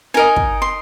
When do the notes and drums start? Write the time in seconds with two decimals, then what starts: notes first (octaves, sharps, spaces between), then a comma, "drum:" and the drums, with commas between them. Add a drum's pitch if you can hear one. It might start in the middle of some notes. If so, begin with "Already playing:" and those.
0.14 D#4 A#4 D#5 G#5
0.36 drum: kick
0.62 C6